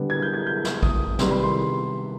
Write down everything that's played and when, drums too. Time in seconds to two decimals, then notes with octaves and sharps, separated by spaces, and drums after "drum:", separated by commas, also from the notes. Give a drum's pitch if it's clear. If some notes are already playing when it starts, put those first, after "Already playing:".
Already playing: D3 G3 B3
0.10 G#6
0.22 G6
0.34 G#6
0.47 G6
0.65 drum: snare
0.83 D#6, drum: kick
1.19 C3 D#3 G3 B3 C6, drum: snare
1.31 B5
1.43 C6